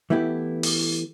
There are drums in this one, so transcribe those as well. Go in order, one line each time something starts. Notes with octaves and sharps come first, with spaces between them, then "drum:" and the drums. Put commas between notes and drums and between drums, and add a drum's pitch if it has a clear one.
E3 A3 B3 E4 G4
drum: open hi-hat